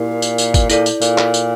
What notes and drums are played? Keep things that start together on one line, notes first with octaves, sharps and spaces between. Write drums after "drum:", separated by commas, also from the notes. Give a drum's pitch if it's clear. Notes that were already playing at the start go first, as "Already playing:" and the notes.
Already playing: A#2 E4 G4 A#4
drum: tambourine
drum: tambourine
drum: kick, tambourine
A#2 E4 A4 D5, drum: tambourine
drum: tambourine
A#2, drum: tambourine
drum: clap
drum: tambourine